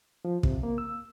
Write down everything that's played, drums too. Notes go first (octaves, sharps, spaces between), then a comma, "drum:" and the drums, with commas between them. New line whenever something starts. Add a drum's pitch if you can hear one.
F3
C3, drum: kick
A#3
E6